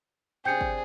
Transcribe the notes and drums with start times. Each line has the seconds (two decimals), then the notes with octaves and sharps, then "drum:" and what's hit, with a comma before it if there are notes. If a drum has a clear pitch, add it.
0.45 C3 D4 G#4 G5 G6 C#7
0.61 drum: kick